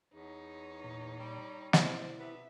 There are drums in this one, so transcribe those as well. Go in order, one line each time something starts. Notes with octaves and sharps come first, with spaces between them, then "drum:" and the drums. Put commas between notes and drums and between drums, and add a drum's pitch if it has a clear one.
E2 D#4 C#5
A#2
G3
B2 E4 F#4 C5 D5, drum: snare
C3 B3 E5